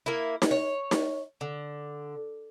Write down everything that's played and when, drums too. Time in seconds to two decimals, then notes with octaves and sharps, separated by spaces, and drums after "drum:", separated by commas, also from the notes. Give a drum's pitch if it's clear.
0.06 A#3 E4
0.42 drum: snare D#4
0.51 C#5
0.91 drum: snare D#4
1.41 D3